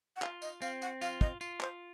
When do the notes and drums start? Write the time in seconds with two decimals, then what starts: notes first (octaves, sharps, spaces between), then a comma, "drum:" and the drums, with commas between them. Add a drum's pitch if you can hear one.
0.16 F#5
0.22 F4 F5, drum: clap
0.42 D#5, drum: tambourine
0.62 C4 F5, drum: tambourine
0.82 F#5, drum: tambourine
1.01 F4 F5, drum: tambourine
1.21 D#5, drum: kick
1.41 F4, drum: tambourine
1.61 C5, drum: clap